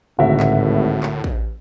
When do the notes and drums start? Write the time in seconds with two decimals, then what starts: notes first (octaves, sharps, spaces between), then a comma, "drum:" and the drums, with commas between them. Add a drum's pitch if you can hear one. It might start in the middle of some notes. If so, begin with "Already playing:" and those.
0.19 G#1 C#2 A2 D3 F#4 A#4 E5
0.40 drum: clap
1.03 drum: clap
1.24 drum: kick